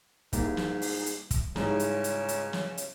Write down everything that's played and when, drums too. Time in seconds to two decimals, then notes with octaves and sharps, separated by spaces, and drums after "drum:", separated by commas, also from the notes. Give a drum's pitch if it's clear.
0.33 G#2 G3 A#3 E4, drum: kick, hi-hat
0.57 drum: snare
0.82 drum: open hi-hat
1.06 drum: hi-hat
1.31 drum: kick, hi-hat
1.56 G#2 C#3 G3 E4 C#5, drum: snare
1.80 drum: hi-hat
2.04 drum: hi-hat
2.29 drum: hi-hat
2.53 drum: snare
2.77 drum: hi-hat